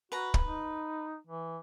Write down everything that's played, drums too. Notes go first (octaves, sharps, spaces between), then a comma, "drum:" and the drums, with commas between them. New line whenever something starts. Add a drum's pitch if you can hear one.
F#4 B4 A#5
drum: kick
D#4
E3